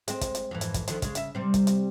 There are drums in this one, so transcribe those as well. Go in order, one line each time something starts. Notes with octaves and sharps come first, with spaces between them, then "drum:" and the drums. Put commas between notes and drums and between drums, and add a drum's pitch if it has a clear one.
G#3 C4, drum: hi-hat
drum: kick, hi-hat
drum: hi-hat
F2 G#2 E3
drum: hi-hat
drum: kick, hi-hat
D3 D#3 F3, drum: hi-hat
C#3 G#3, drum: kick, hi-hat
C#3 E5, drum: hi-hat
C3 G3 C4
drum: kick, hi-hat
drum: hi-hat